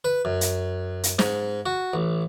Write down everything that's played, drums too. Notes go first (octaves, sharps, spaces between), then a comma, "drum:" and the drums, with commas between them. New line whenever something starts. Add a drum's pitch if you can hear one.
B4
F#2
drum: hi-hat
drum: hi-hat
G#2, drum: snare
F#4
A1